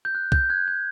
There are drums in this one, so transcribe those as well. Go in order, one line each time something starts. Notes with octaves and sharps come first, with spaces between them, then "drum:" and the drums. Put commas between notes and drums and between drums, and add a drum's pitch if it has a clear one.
G6
F#6
G6, drum: kick
F#6 G#6
G6